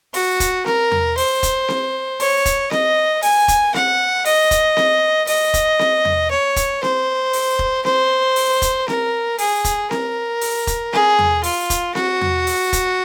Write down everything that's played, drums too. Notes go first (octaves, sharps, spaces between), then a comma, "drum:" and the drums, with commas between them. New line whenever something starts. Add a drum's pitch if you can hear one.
F#4, drum: open hi-hat
drum: kick E1, hi-hat
A#4, drum: snare C4
drum: tom E2
C5, drum: open hi-hat
drum: kick E1, hi-hat
drum: snare C4
C#5, drum: open hi-hat
drum: kick E1, hi-hat
D#5, drum: snare C4
G#5, drum: open hi-hat
drum: kick E1, hi-hat
F#5, drum: snare C4
D#5, drum: open hi-hat
drum: kick E1, hi-hat
drum: snare C4
D#5, drum: open hi-hat
drum: kick E1, hi-hat
drum: snare C4
drum: tom E2
C#5
drum: kick E1, hi-hat
C5, drum: snare C4
drum: open hi-hat
drum: kick E1
C5, drum: snare C4
drum: open hi-hat
drum: kick E1, hi-hat
A#4, drum: snare C4
G#4, drum: open hi-hat
drum: kick E1, hi-hat
A#4, drum: snare C4
drum: open hi-hat
drum: kick E1, hi-hat
G#4, drum: snare C4
drum: tom E2
F4, drum: open hi-hat
drum: kick E1, hi-hat
F#4, drum: snare C4
drum: tom E2
drum: open hi-hat
drum: kick E1, hi-hat